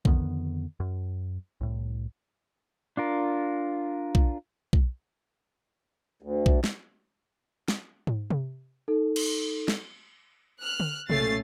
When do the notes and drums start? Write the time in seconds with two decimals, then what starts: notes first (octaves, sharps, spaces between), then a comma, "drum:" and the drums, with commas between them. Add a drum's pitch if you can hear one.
0.05 F2 D3 D#3 B3, drum: kick B1
0.80 F#2
1.61 C2 A2
2.97 D4 F4 A#4
4.15 drum: kick B1
4.73 drum: kick B1
6.23 D2
6.46 drum: kick B1
6.64 drum: snare
7.68 drum: snare
8.07 drum: tom G#2
8.30 drum: tom C3
8.88 D#4 A4
9.16 drum: cymbal
9.68 drum: snare
10.61 F6 F#6
10.80 drum: tom D3
11.10 B1 A#2 A3 C#4 A6 C7, drum: tom C3